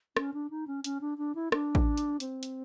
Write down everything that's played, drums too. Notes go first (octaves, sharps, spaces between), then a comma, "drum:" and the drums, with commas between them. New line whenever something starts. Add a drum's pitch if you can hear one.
C#4, drum: rim click
D4
D#4
C#4
C#4, drum: hi-hat
D4
D4
E4
D4, drum: rim click
drum: kick A1
drum: hi-hat
C4, drum: hi-hat
drum: hi-hat